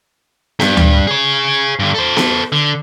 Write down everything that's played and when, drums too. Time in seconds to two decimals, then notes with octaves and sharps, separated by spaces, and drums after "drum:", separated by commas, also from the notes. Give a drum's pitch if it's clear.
0.60 G2, drum: snare B3
0.77 drum: tom D2
1.07 G#4 C#5
1.80 G2 D3
1.95 A4 C5
2.17 drum: snare B3
2.52 D3